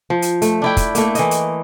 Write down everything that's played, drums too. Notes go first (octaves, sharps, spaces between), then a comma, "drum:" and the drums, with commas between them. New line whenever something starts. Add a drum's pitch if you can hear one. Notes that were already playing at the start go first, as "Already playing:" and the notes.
F3
drum: hi-hat
A3, drum: hi-hat
D4 E4 G5
drum: kick, hi-hat
A3 A#3, drum: hi-hat
E3 D#5, drum: hi-hat
drum: hi-hat